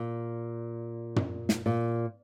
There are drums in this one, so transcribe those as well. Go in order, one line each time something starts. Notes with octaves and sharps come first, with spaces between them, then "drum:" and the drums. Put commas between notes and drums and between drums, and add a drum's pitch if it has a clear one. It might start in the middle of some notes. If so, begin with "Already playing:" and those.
Already playing: A#2
drum: tom
drum: snare
A#2